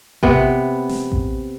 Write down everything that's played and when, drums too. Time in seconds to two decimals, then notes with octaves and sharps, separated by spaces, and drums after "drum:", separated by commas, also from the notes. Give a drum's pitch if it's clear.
0.23 C3 B3, drum: kick A1
0.89 drum: snare
1.12 drum: kick A1